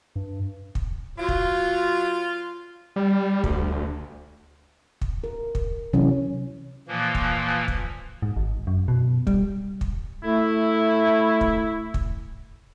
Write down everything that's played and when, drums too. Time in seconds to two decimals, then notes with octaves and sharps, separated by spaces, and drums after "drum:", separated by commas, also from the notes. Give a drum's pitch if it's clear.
0.16 G2
0.75 drum: kick
1.18 F#3 F4
1.28 drum: kick
2.96 G3
3.44 D2, drum: kick
5.01 drum: kick
5.24 A#4
5.55 drum: kick
5.93 C3 E3 F#3 C#4
6.88 A#2 E3 F3 A#3
7.15 drum: kick
7.68 drum: kick
8.22 G#2
8.37 G#1
8.67 F#2
8.88 B2
9.27 G3, drum: kick
9.81 drum: kick
10.24 A3 E4
11.41 drum: kick
11.94 drum: kick